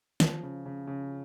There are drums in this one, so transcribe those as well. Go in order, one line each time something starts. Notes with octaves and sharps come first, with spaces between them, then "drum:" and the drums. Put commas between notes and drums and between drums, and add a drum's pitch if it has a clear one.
F3, drum: snare
C#3
C#3
C#3